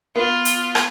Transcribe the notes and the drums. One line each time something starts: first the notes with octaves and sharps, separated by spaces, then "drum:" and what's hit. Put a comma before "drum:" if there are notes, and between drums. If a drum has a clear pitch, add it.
B3 F4
drum: hi-hat
drum: rim click